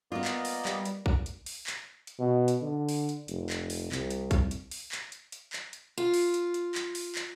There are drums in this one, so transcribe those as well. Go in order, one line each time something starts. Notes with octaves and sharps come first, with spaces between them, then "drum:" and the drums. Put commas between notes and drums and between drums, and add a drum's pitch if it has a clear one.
A#3 B3 F4 D5 D#5
drum: clap
drum: open hi-hat
G3, drum: clap
drum: hi-hat
drum: kick
drum: hi-hat
drum: open hi-hat
drum: clap
drum: hi-hat
B2
drum: hi-hat
D3
drum: open hi-hat
drum: hi-hat
F1, drum: hi-hat
drum: clap
drum: open hi-hat
C2, drum: clap
drum: hi-hat
drum: kick, hi-hat
drum: hi-hat
drum: open hi-hat
drum: clap
drum: hi-hat
drum: hi-hat
drum: clap
drum: hi-hat
F4
drum: open hi-hat
drum: hi-hat
drum: hi-hat
drum: clap
drum: open hi-hat
drum: clap